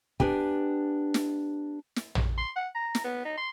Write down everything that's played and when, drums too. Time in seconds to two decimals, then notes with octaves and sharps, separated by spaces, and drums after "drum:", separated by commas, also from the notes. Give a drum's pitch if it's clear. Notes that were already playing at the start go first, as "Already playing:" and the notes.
0.20 B3 D4 G4 G#5, drum: kick
1.14 drum: snare
1.96 drum: snare
2.15 drum: tom
2.38 C6
2.56 F#5
2.75 A#5
2.95 drum: snare
3.04 B3
3.25 D#4
3.38 C6